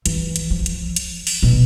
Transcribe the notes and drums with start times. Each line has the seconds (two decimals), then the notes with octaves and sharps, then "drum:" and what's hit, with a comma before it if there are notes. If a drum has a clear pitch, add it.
0.06 E3, drum: hi-hat
0.36 drum: hi-hat
0.50 F3
0.66 drum: hi-hat
0.96 drum: hi-hat
1.27 drum: open hi-hat
1.43 B2